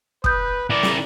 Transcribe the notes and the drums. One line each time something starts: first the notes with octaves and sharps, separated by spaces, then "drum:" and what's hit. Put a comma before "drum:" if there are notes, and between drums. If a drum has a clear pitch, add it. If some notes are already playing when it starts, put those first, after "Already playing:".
B4 D#6 G6, drum: kick
E4 A#4 D5
drum: snare